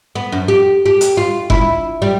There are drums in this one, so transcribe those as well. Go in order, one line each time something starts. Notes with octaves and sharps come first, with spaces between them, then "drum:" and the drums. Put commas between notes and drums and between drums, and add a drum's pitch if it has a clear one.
B3
F#2
G4
G4
drum: hi-hat
F4
E4, drum: kick F#1
G3